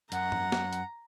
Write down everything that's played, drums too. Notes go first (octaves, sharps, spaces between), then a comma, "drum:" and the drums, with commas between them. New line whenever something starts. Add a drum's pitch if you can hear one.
F#2 F#5 A#5, drum: hi-hat
drum: tom
drum: snare
drum: hi-hat